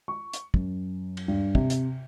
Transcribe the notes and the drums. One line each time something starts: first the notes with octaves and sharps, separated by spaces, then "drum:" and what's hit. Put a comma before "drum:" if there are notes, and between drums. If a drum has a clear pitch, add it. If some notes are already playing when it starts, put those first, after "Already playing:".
C#6
drum: hi-hat
F#2, drum: kick
drum: cymbal
G2
C3, drum: kick
drum: hi-hat